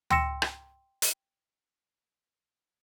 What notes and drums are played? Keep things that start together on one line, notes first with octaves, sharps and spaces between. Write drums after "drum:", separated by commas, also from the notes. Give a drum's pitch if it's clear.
G5 C6 E6 A#6 C#7 E7, drum: tom D2
drum: rim click
drum: hi-hat